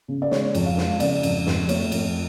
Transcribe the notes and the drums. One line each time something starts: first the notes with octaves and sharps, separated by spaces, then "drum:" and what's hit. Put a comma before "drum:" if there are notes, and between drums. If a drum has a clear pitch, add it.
C#3
D5
G#3 C#5, drum: snare
F2, drum: cymbal
F5
G#3, drum: snare
C#3 D5, drum: cymbal
F2, drum: cymbal
F2, drum: snare
A3 C#5, drum: cymbal
F2, drum: cymbal